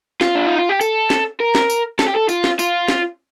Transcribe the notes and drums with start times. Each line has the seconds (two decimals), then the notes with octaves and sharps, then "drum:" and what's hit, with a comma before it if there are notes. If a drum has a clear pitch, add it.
0.21 F4, drum: snare
0.35 D4
0.47 D#4
0.58 F4
0.69 G4
0.81 A4, drum: tambourine
1.10 drum: snare
1.40 A#4
1.55 drum: snare
1.70 drum: tambourine
1.99 A4, drum: snare
2.07 G4
2.15 A4
2.29 F4, drum: tambourine
2.44 drum: snare
2.59 F4, drum: tambourine
2.88 drum: snare